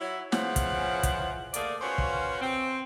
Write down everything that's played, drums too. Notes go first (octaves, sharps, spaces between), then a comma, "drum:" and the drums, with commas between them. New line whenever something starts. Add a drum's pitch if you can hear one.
F#3 E4
C#3 E3 F3 F#5, drum: snare
drum: kick, hi-hat
drum: kick, hi-hat
A3 A#3 G#4 D5, drum: hi-hat
C#4 F4 F#4 B4 C5
drum: kick
C4